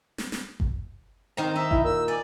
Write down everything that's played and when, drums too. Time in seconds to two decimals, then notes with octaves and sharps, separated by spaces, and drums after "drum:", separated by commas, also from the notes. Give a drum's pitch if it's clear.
0.18 drum: snare
0.32 drum: snare
0.60 drum: kick G1
1.37 D#3 C4 A#4 A#5
1.55 D#4 E5
1.71 E4, drum: kick G1
1.84 A#2 E6
2.08 D5 G#5